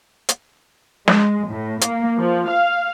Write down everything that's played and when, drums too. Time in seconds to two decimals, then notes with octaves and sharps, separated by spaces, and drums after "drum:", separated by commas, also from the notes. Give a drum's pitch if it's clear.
0.29 drum: hi-hat
1.08 G#3, drum: snare
1.48 A2
1.81 A#3, drum: hi-hat
2.19 F3
2.48 F5